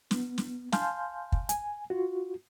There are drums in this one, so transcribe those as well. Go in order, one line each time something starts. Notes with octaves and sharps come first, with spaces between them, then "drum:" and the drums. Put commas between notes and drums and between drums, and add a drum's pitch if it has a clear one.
B3, drum: snare
drum: snare
F5 G#5 A5 C6 F6 G6, drum: snare
drum: kick
G#5, drum: hi-hat
F4 F#4